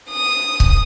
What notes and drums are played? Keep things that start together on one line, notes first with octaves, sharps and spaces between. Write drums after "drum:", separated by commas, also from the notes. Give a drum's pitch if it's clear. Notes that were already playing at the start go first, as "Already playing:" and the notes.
D#6
drum: kick C#1